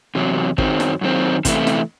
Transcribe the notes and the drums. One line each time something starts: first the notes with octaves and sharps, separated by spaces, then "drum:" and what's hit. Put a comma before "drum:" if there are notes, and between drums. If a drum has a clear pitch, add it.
E2 C3 F#3
F#2 D#3 F#3 C4, drum: kick
drum: snare
F#2 D#3 F#3 C4
C3 E3 A3 E4, drum: kick, hi-hat
drum: snare